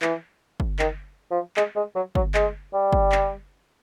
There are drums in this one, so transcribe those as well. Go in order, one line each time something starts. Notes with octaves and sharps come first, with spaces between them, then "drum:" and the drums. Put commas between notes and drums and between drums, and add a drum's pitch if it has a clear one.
E3, drum: clap
drum: kick
D#3, drum: clap
F3
G#3, drum: clap
G#3
F#3
F#3, drum: kick
G#3, drum: clap
G3
drum: kick
drum: clap